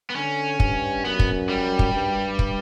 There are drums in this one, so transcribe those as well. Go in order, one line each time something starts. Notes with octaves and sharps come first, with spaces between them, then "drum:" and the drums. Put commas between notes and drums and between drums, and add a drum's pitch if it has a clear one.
B3
D3 C#4
G2, drum: kick
F#2 B3
drum: kick
G3
drum: kick
G2
drum: kick